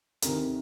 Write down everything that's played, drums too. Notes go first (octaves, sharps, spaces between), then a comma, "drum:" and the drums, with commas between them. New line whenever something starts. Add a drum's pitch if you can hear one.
D2 C3 D#3 A#4, drum: hi-hat